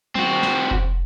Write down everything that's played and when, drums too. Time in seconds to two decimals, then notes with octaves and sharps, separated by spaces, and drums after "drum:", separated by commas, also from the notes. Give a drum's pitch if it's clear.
0.15 C4 F#4, drum: tom F#3
0.43 drum: snare
0.71 drum: kick F1